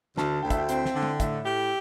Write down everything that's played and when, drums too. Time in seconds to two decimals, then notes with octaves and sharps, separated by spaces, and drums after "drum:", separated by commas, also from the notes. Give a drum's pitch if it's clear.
0.17 D2 A5, drum: snare
0.42 D2 G5
0.50 E5, drum: kick, hi-hat
0.58 G5
0.69 C4 G5, drum: hi-hat
0.85 G5, drum: snare
0.95 D3
1.03 G5, drum: tom
1.20 A2 E5, drum: kick, hi-hat
1.46 G4